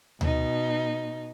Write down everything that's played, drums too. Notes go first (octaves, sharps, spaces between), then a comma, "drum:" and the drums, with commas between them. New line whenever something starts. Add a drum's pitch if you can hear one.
B2 D#4, drum: tom D2